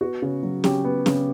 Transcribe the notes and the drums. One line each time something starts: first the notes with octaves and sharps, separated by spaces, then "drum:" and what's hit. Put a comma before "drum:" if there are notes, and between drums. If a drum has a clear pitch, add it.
B3 F#4
C#3
F#3
C#3 G4, drum: snare C4
B3
C#3, drum: snare C4